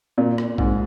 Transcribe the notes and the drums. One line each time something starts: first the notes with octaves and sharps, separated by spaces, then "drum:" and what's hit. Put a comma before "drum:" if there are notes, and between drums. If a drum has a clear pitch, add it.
A#2
drum: rim click
G#2, drum: kick A#1